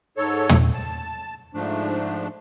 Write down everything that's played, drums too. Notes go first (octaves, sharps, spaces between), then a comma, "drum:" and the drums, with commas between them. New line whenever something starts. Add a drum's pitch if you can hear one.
G#2 A4 C#5
drum: tom
A5
G#2 F3 A3 D4